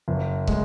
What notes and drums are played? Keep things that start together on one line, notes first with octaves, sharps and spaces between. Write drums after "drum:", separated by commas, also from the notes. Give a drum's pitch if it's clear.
F#1
G#3, drum: kick